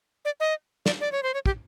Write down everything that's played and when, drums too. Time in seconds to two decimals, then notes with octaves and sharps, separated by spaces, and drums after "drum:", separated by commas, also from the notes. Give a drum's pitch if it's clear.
0.25 D5
0.40 D#5
0.86 D5, drum: snare
1.00 D5
1.12 C#5
1.23 C5
1.34 C#5
1.46 G4, drum: kick